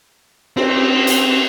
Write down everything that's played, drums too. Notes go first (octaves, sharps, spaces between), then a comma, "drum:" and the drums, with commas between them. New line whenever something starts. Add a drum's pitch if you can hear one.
C4, drum: cymbal
drum: hi-hat